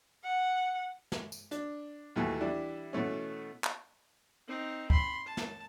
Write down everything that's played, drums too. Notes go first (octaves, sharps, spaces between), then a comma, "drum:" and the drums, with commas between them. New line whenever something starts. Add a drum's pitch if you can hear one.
F#5
drum: snare
drum: tambourine
D4, drum: hi-hat
D#2 B2 E3 A3 G#5
E3 G3 D4 E4
B2 E3 A3 C#4
drum: clap
C4 D#4
B5 C6, drum: kick
A5
drum: snare